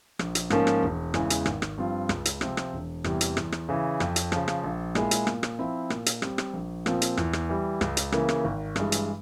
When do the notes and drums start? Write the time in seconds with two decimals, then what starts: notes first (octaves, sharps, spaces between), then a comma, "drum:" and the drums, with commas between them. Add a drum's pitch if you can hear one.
0.19 A#1, drum: rim click
0.35 drum: hi-hat
0.50 G#2 F3 A#3 C#4, drum: rim click
0.67 drum: rim click
0.83 E1
1.14 E2 C#3 E3 G#3, drum: rim click
1.30 drum: hi-hat
1.46 G#1, drum: rim click
1.62 drum: rim click
1.78 G2 F3 C4 F4
2.09 C#2, drum: rim click
2.25 drum: hi-hat
2.41 C3 F3 C4, drum: rim click
2.57 drum: rim click
2.73 E1
3.04 E2 C3 G3, drum: rim click
3.21 drum: hi-hat
3.37 E2, drum: rim click
3.52 drum: rim click
3.69 C#3 E3
4.00 F2, drum: rim click
4.16 drum: hi-hat
4.32 C#3 F3, drum: rim click
4.48 drum: rim click
4.64 A#1
4.95 A#2 G#3 E4 G#4, drum: rim click
5.11 drum: hi-hat
5.27 A#2, drum: rim click
5.43 drum: rim click
5.59 F3 C4 E4
5.90 A#2, drum: rim click
6.06 drum: hi-hat
6.22 G3 C4, drum: rim click
6.38 drum: rim click
6.54 A#1
6.86 A#2 F3 C4 F4, drum: rim click
7.02 drum: hi-hat
7.17 E2, drum: rim click
7.33 drum: rim click
7.49 E3 G3
7.81 C#2, drum: rim click
7.97 drum: hi-hat
8.12 C#3 E3 A#3, drum: rim click
8.29 drum: rim click
8.44 G#1
8.76 G2 E3 G#3, drum: rim click
8.92 drum: hi-hat